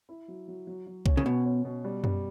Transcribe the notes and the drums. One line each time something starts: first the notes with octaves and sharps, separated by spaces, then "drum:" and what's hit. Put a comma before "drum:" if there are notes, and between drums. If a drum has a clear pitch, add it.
E4
F#3
F#3
F#3
F#3
C#4, drum: kick C2
C#3
B2 C#4
C#4
B2
G3
G3, drum: tom F#2